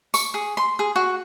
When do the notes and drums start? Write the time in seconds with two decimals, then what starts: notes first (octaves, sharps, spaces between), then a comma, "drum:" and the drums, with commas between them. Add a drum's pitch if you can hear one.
0.14 C#6, drum: tambourine
0.34 G#4
0.57 C6
0.79 G#4
0.96 F#4